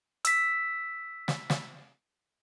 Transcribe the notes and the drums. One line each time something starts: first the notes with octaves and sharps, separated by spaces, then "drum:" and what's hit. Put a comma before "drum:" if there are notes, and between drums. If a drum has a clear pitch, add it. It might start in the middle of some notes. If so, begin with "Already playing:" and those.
E6 B6, drum: hi-hat
drum: snare
drum: snare